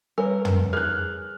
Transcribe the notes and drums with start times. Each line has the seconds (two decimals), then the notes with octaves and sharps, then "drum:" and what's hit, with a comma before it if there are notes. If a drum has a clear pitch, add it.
0.18 G3 A#4 B4 C#5 G#5
0.45 drum: tom
0.73 G#4 A#4 F6 F#6